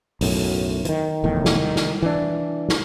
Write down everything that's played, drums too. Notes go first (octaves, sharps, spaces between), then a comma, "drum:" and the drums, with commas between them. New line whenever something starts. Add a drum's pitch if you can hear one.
B1 F#2 A2, drum: open hi-hat
D#3 E3, drum: hi-hat
F1 E2 A2 D#3
drum: snare
D#3
drum: snare
E3 D4
drum: snare